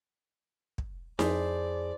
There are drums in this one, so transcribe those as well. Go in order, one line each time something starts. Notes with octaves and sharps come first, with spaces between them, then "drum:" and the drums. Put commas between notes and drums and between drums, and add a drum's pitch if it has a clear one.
drum: kick
F2 E4 G#4 C5 D5 A5, drum: snare D#4